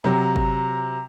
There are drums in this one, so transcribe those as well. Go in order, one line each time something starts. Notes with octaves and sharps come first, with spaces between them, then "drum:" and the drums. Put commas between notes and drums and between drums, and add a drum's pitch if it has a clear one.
C3 F#3 A#5
drum: kick G1